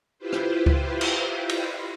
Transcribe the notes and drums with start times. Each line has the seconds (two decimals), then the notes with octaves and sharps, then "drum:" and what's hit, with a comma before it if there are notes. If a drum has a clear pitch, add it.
0.18 E4 F4 G4 B4 C5
0.33 drum: rim click
0.66 drum: kick C#2
1.01 drum: cymbal
1.49 drum: cymbal